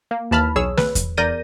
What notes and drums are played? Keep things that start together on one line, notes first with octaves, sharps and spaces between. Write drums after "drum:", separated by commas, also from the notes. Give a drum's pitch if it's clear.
A#3
D#2 E3 A5 B5 F6
B1 G#4 C#5 E6
B4, drum: snare
drum: kick E2, hi-hat
E2 A#4 D5 G6 A#6 D#7